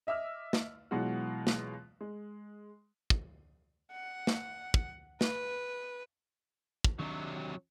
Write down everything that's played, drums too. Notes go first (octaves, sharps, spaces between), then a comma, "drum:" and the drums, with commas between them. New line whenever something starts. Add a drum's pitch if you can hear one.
D#5 E5 D6 E6 F6
drum: snare
B2 E3 F#3 G#3 F4 F#4
drum: snare
G#3
drum: kick
F#5
drum: snare
drum: kick
B4, drum: snare
drum: kick
C3 D#3 F#3 D4 D#4